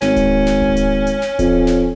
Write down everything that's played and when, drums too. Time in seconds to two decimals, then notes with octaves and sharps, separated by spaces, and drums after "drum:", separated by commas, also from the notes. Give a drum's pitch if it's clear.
0.01 G#1 C#4, drum: snare
0.16 drum: kick D1, hi-hat
0.46 drum: snare
0.62 drum: kick D1
0.77 drum: hi-hat
1.07 drum: hi-hat
1.22 drum: snare
1.39 F2, drum: kick D1, hi-hat
1.67 drum: snare